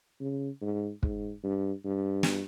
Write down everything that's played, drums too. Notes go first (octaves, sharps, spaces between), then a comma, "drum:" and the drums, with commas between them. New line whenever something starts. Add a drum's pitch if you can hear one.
C#3
G#2
G#2, drum: kick
G2
G2
drum: snare